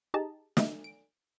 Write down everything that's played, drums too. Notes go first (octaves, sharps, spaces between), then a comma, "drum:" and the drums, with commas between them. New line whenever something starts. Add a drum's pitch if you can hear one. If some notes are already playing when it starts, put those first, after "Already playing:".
D#4 G4 G#4 D#5 A5 A#5
D#5 E5, drum: snare
D7